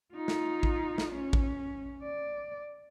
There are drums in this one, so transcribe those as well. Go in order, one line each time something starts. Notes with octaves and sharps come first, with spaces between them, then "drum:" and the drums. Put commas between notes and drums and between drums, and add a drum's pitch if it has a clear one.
D#4 F4
drum: snare
drum: kick A1
drum: snare
C#4
drum: kick A1
D5